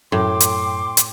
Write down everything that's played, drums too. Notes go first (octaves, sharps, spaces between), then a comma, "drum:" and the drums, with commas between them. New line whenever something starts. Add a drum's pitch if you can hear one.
F#2 A2 G5 C6 D6
drum: hi-hat
drum: hi-hat